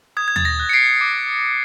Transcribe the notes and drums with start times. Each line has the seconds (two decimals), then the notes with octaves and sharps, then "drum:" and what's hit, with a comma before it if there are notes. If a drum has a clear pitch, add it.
0.17 D#6 G#6
0.28 G#6
0.36 A6, drum: tom D#2
0.45 A#6
0.59 F#6
0.69 C#7
0.73 C7 D7
1.01 D6